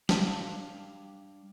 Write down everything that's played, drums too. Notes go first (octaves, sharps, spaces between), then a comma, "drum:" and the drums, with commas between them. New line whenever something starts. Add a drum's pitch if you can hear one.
G3 D4 F5 A5, drum: snare